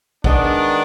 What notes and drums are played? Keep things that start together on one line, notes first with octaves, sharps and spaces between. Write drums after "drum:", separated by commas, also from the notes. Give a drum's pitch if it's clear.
D#3 G#3 B3 D4, drum: kick